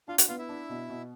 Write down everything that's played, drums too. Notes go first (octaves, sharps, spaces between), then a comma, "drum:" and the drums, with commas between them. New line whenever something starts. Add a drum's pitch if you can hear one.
D4 F4 F5
F#4 F#5, drum: hi-hat
B3 F4 F5
E4 E5
D4
B2
B2